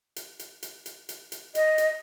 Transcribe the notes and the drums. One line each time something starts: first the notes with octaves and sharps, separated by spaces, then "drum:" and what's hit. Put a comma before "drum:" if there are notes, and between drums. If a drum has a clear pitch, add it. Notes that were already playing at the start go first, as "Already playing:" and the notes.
drum: hi-hat
drum: hi-hat
drum: hi-hat
drum: hi-hat
drum: hi-hat
drum: hi-hat
D#5, drum: hi-hat
drum: hi-hat